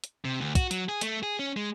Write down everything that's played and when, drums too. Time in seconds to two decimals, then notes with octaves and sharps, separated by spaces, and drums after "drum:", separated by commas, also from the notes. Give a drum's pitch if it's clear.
0.04 drum: hi-hat
0.25 C3
0.40 D2
0.55 F#4, drum: kick, hi-hat
0.71 F#3, drum: hi-hat
0.89 G#4
1.01 A3, drum: hi-hat
1.23 G#4
1.39 C#4
1.57 G#3